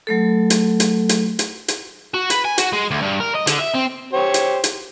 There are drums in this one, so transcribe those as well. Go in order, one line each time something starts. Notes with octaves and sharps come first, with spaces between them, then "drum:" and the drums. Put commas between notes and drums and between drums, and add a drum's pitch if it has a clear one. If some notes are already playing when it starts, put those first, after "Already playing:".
F#3 A3 A4
drum: hi-hat
drum: hi-hat
drum: hi-hat
drum: hi-hat
drum: hi-hat
F#4
B4, drum: hi-hat
G#5
F#4, drum: hi-hat
G#3
D2
G2
A#4
D#5
D3, drum: hi-hat
E5
C4
G4 C5 C#5
drum: hi-hat
drum: hi-hat